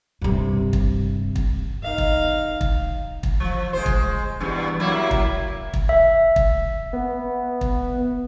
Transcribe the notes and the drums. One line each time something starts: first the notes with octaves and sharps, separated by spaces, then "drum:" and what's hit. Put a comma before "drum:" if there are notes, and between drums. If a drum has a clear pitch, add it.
G2 C3
drum: kick
drum: kick
D#4 F5
drum: kick
drum: kick
drum: kick
F3
G#3 C5
drum: kick
E2 G2 B2
F#3 A#3 E4
drum: kick
drum: kick
E5
drum: kick
B3
drum: kick